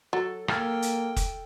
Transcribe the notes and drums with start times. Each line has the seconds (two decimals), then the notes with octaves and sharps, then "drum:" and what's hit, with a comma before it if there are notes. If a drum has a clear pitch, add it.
0.13 F#3 A4
0.48 A#3 A4 G5 F6 G#6, drum: rim click
0.82 drum: hi-hat
1.16 drum: kick, hi-hat